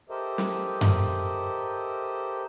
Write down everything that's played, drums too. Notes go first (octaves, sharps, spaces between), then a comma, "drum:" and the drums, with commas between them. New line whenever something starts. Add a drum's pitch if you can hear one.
G4 A4 A#4 C5 D#5 E5
drum: snare
drum: tom F#2